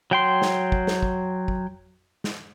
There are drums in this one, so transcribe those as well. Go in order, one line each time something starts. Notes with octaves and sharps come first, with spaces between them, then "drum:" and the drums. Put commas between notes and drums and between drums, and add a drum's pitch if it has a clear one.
F#3 G5 C6
drum: snare
drum: kick
drum: snare
drum: kick
drum: kick
drum: snare